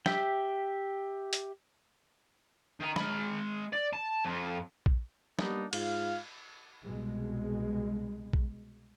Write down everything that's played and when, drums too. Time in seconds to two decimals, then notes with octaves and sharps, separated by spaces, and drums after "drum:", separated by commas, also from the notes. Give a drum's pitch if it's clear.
0.06 G4 E5 G5, drum: snare
1.33 drum: hi-hat
2.80 D#3 A#5
2.96 G#3 B5, drum: snare
3.73 D5
3.93 A5
4.25 F2
4.86 drum: kick A#1
5.39 G3 A#3 B3 D4 D#4, drum: snare
5.73 G#2 F4 F5, drum: cymbal
6.84 C2 B2 G#3
8.33 drum: kick A#1